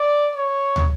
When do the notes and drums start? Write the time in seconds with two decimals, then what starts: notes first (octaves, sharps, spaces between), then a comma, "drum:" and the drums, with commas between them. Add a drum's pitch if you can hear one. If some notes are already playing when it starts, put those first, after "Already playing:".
Already playing: D5
0.35 C#5
0.76 drum: tom